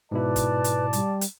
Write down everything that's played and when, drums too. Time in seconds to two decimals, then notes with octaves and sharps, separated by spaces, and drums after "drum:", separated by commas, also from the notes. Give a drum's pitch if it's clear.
0.11 G#2 B2 E4 B4 D5 A5
0.36 drum: kick, hi-hat
0.64 drum: hi-hat
0.93 G3, drum: hi-hat
1.21 drum: hi-hat